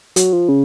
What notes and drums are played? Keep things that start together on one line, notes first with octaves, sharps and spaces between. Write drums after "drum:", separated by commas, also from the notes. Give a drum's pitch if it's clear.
F#3, drum: hi-hat
F3
C#3